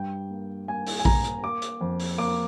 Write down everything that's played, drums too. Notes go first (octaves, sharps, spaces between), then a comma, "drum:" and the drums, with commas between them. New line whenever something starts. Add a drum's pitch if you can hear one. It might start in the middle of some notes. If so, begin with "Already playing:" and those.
Already playing: G2 G5
A#3
A#3 G#5
drum: open hi-hat
G#5
A#3 A#5, drum: kick A#1
drum: hi-hat
A#3 D6
drum: hi-hat
F2
drum: open hi-hat
A#3 D6